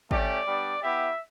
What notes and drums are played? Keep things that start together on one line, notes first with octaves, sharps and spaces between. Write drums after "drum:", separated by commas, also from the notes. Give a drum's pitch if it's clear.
A3 C#4 G4 D5, drum: kick G#1
G3 B3 D4
B3 E4 G4 E5